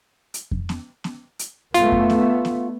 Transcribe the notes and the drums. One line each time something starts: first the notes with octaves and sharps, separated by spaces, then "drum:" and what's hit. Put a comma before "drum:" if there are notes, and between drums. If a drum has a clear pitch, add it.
drum: hi-hat
drum: kick F2
drum: snare B3
drum: snare B3
drum: hi-hat
A3 B3 F4, drum: hi-hat
drum: kick F2
drum: snare B3
drum: snare B3